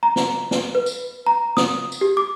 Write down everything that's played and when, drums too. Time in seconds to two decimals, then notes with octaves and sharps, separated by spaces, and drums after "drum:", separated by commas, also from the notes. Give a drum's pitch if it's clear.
0.03 A#5
0.16 drum: snare
0.51 drum: snare
0.75 B4
0.86 drum: tambourine
1.27 A#5
1.57 D#6, drum: snare
1.92 drum: tambourine
2.01 G4
2.17 D6